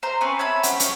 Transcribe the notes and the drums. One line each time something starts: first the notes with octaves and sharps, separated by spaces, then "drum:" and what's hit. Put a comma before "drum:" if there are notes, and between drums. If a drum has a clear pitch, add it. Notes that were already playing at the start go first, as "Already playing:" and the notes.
C5 A#5 C6
C4 C#4 B4 G#5
C#5 E5 A5 B5
C4 C#4 F#5, drum: hi-hat
C#4, drum: hi-hat